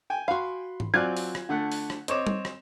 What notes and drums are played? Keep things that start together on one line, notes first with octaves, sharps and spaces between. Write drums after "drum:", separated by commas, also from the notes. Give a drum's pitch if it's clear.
G5 G#5
F#4 F5 B5 C6
drum: tom G#2
F#3 C4 F4 D5 G#5 F#6 G#6
drum: open hi-hat
drum: rim click
D3 A3 F#5
drum: open hi-hat
drum: rim click
C4 C#5 D#5 D6 E7, drum: hi-hat
drum: tom G3
drum: rim click